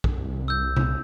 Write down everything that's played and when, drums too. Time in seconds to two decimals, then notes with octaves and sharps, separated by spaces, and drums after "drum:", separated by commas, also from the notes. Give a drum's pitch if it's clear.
0.04 drum: kick
0.17 C2
0.48 E6 G6
0.76 drum: tom C3